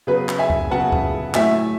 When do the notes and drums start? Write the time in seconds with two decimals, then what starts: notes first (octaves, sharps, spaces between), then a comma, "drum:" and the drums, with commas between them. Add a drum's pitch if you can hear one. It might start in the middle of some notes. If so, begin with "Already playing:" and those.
0.07 C#3 F#3 B3 G#4 B4
0.29 drum: clap
0.39 E5 G#5
0.50 drum: kick C#2
0.71 C#3 F#3 B3 F#5 A5
0.92 drum: kick C#2
1.34 A2 F#3 A3 E5 G#5, drum: clap